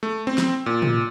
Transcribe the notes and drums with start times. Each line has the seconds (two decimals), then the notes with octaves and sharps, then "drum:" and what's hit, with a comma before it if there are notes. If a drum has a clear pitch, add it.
0.03 A3
0.27 C4
0.38 drum: snare
0.66 A#2
0.82 drum: tom